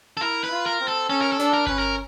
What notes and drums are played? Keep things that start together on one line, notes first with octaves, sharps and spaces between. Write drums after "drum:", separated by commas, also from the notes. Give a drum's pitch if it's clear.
A4
E4 A#4
B4
F4
A#4
C4
A4
C#4 A4
A#4
A4
D4, drum: snare
A#4
C#4 B4, drum: kick G1
A#4